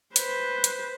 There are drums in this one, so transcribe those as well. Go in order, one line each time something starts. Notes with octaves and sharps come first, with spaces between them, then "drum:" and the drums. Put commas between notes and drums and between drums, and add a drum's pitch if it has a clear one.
B4 C5, drum: hi-hat
drum: hi-hat